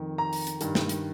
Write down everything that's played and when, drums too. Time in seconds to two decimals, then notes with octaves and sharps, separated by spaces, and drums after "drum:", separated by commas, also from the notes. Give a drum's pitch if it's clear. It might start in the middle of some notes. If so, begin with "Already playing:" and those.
Already playing: F2 D#3
0.18 A#5
0.33 drum: open hi-hat
0.47 drum: hi-hat
0.61 G2 D#3, drum: hi-hat
0.75 drum: snare
0.89 drum: hi-hat